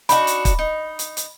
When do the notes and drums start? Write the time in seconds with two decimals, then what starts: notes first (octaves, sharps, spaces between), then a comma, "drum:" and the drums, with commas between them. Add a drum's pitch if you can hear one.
0.09 D4 D#4 F#4 B5, drum: hi-hat
0.27 drum: hi-hat
0.45 drum: kick, hi-hat
0.59 D#4
0.99 drum: hi-hat
1.17 drum: hi-hat